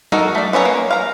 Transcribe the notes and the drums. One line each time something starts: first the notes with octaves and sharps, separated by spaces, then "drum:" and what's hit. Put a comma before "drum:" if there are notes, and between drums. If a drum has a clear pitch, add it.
D#4 F#4 A4 A#4, drum: tom F#3
A3 D5
B3 C#4 C#5 E5 A#5
A#3
F5 A#5